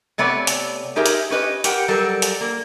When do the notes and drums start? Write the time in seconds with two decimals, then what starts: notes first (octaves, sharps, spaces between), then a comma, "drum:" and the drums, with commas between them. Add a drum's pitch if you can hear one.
0.18 C3 A3 B3 C#5 D5
0.47 drum: hi-hat
0.96 D#4 G4 G#4 A#4 E5
1.06 drum: hi-hat
1.30 C#4 G4 B4 D#5
1.64 G4 A#4 F#5 G5, drum: hi-hat
1.88 F#3 G3 A4 A#4
2.22 drum: hi-hat
2.41 A#3